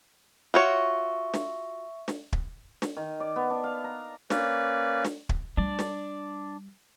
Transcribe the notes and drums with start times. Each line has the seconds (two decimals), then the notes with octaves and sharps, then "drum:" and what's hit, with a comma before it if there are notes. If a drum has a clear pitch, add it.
0.54 F4 F#4 C#5 E5 C#6
1.34 drum: snare
2.08 drum: snare
2.33 drum: kick
2.82 drum: snare
2.96 D#3
3.20 D5
3.36 B3
3.50 D4
3.64 F5
3.84 A#5
4.30 A#3 C#4 B4 D5, drum: snare
5.05 drum: snare
5.29 drum: kick
5.57 G3 D4 D5
5.79 drum: snare